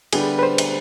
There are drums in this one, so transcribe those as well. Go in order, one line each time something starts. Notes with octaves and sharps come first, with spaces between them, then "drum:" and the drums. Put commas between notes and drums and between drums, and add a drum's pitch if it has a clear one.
D3 G3 B3 D4 G4 G#4, drum: cymbal
B4
C5
drum: cymbal